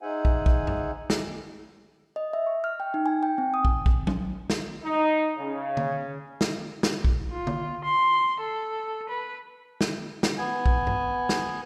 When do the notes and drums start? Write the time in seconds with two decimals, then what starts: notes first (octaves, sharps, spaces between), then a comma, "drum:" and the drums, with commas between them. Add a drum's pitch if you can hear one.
0.02 D#4 G#4 C5 E5 F#5 G#5
0.25 drum: kick
0.46 drum: kick
0.67 drum: tom F#2
1.10 drum: snare
2.16 D#5
2.33 E5
2.47 C#6
2.64 F6
2.80 G5
2.94 D#4
3.06 G#5
3.23 G5
3.38 C4
3.54 D#6
3.65 drum: kick
3.86 drum: kick
4.07 drum: tom F#3
4.50 drum: snare
4.84 D#4
5.38 C#3
5.77 drum: tom D3
6.41 drum: snare
6.83 drum: snare
7.04 drum: kick
7.32 F4
7.47 drum: tom D3
7.85 C6
8.40 A4
9.10 B4
9.81 drum: snare
10.23 drum: snare
10.38 B3 G#5
10.66 drum: kick
10.87 drum: tom G2
11.29 drum: snare